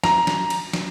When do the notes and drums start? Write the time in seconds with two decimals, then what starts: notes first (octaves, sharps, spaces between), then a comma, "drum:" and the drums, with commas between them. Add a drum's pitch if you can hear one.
0.04 A#5, drum: snare
0.27 drum: snare
0.50 drum: cymbal
0.73 drum: snare